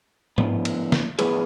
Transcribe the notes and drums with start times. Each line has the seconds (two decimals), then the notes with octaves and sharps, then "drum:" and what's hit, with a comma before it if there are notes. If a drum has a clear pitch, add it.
0.38 A2 F3 B3, drum: tom G#2
0.65 drum: cymbal
0.92 drum: snare
1.19 A2 F3 B3 G#4 B4, drum: cymbal